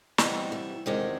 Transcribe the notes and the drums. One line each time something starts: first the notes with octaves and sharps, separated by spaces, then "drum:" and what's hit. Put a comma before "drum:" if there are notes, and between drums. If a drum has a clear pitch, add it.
C3 E3 G3 B3 D#5, drum: snare
E5
E2 C3 D#3 G#3 D#5